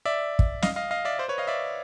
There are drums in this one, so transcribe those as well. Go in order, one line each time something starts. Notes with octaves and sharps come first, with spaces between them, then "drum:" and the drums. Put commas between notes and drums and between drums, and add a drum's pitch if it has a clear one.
D5 E5
drum: kick
D#5 F5, drum: snare
D#5 F5
D#5 F5
D5 E5
C5 D5
B4 C#5
D#5 F5
D5 E5